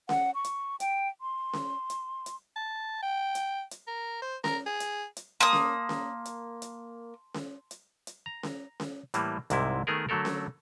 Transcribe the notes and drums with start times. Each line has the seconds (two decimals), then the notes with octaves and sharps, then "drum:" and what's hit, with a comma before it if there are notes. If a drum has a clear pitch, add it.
0.09 F#5, drum: snare C#4
0.35 C#6
0.44 drum: hi-hat
0.80 G5, drum: hi-hat
1.21 C6
1.53 drum: snare C#4
1.90 drum: hi-hat
2.26 drum: hi-hat
2.56 A5
3.03 G5
3.35 drum: hi-hat
3.71 drum: hi-hat
3.87 A#4
4.22 C5
4.44 A#4, drum: snare C#4
4.66 G#4
4.80 drum: hi-hat
5.17 drum: hi-hat
5.40 A#3 A5 C6 D#6
5.53 drum: snare C#4
5.89 drum: snare C#4
6.25 drum: hi-hat
6.62 drum: hi-hat
7.34 drum: snare C#4
7.71 drum: hi-hat
8.07 drum: hi-hat
8.26 A#5
8.43 drum: snare C#4
8.80 drum: snare C#4
9.14 A2 E3 G3 A#3, drum: hi-hat
9.50 C2 G#2 C3 G3 E4, drum: hi-hat
9.87 D#3 A3 B3 G#4 A#4
10.09 D3 F#3 A3 A4 A#4
10.25 drum: snare C#4